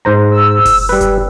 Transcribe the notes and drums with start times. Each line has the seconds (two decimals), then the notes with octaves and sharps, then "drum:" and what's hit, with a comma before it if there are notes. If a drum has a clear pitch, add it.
0.05 G#2 C5 A#5
0.30 E6
0.65 drum: kick F#1, open hi-hat
0.89 G3 B4
1.01 drum: kick F#1, hi-hat